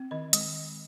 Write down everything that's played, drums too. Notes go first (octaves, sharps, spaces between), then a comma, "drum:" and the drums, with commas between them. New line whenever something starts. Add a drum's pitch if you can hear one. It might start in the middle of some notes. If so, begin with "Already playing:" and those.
Already playing: C4
D#3 D#5
G#3, drum: hi-hat